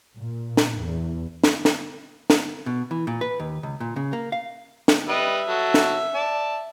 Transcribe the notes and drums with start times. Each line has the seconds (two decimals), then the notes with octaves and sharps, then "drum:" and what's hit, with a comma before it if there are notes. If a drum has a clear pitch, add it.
0.18 A#2
0.57 drum: snare
0.79 E2
1.44 drum: snare
1.65 drum: snare
2.30 drum: snare
2.66 B2
2.91 E3
3.07 A#2
3.21 B4
3.40 D#2
3.63 C#2
3.80 A#2
3.96 C#3
4.13 A#3
4.32 F5
4.88 drum: snare
5.08 G3 B4 D#5 E5
5.48 F#3 A4
5.74 drum: snare
6.14 D5 A5